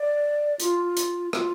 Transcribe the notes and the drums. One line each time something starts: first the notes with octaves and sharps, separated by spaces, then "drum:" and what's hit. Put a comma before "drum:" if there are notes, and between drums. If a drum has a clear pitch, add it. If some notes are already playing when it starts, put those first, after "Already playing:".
Already playing: D5
F4, drum: hi-hat
drum: hi-hat
F4, drum: rim click